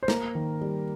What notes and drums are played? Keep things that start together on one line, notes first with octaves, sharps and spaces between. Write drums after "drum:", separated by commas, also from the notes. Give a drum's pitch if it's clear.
C5
A#3 A#4, drum: snare
D#3
G3